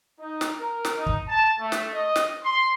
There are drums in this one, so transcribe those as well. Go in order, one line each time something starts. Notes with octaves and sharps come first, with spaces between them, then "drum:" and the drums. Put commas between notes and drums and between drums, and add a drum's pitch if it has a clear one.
D#4
drum: snare
A#4
drum: snare
D#4
drum: kick
A5
A3
drum: snare
D#5
drum: snare
C6